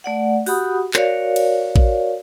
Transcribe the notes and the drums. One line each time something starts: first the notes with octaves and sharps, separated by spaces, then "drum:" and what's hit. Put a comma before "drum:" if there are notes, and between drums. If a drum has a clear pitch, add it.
A3 D5 F#5
F#4 G4 F#5 B5 D#6, drum: open hi-hat
F#4 A#4 C#5 D5 F5, drum: clap
drum: cymbal
drum: kick